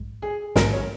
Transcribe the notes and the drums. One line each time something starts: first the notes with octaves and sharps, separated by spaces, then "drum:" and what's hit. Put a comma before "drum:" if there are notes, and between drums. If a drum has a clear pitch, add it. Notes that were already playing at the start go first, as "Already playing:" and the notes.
Already playing: A#1 G#2 G#3
G#4
A#1 G#2 D#3 G#3 A#4, drum: snare
C#5